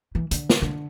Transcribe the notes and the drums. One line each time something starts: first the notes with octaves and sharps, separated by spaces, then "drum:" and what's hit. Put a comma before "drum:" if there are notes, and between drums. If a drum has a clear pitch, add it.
E3
D3, drum: hi-hat
drum: snare
D3